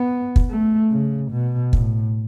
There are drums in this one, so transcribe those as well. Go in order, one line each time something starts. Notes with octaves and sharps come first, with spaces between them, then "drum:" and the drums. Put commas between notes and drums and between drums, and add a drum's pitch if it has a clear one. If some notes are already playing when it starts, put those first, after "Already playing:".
Already playing: B3
drum: kick
A3
C#3
B2
A2, drum: kick